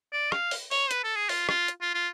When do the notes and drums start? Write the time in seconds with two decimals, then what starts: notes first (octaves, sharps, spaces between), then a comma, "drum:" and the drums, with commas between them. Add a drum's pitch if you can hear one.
0.13 D5
0.32 F5, drum: rim click
0.51 drum: open hi-hat
0.71 C#5, drum: open hi-hat
0.91 B4, drum: hi-hat
1.04 A4
1.16 G#4
1.29 F4, drum: open hi-hat
1.49 F4, drum: rim click
1.68 drum: hi-hat
1.82 F4
1.95 F4